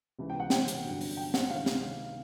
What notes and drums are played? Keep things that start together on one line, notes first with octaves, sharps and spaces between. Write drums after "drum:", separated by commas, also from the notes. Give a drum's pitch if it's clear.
C#2 C3 E3
G5
F#5
G5, drum: snare
drum: hi-hat
G1 G2 D3 F#3
drum: open hi-hat
G5
F#5, drum: snare
C#2 C3 D#3 F5
drum: snare